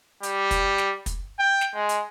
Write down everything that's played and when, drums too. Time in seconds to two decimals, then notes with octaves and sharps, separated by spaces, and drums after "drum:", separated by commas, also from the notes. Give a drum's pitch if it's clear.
0.23 G3, drum: hi-hat
0.51 drum: kick, hi-hat
0.78 drum: snare
1.06 drum: kick, hi-hat
1.39 G5
1.61 drum: snare
1.75 G#3
1.89 drum: hi-hat